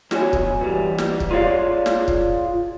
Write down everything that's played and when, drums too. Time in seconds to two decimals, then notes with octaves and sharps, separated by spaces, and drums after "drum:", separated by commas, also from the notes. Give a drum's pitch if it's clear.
0.11 E2 F#4 C#5 G#5, drum: snare
0.33 drum: kick
0.61 E3 G3
0.98 drum: snare
1.20 drum: kick
1.31 F4 G#4 A#4 C#5 D5 F5
1.86 drum: snare
2.08 drum: kick